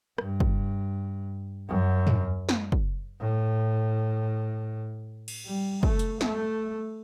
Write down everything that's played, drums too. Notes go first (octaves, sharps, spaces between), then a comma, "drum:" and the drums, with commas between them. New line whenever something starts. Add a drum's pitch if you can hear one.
G2, drum: rim click
drum: kick
F#2
drum: tom
drum: snare
drum: kick
A2
drum: cymbal
G3
A3, drum: kick
drum: hi-hat
A3, drum: snare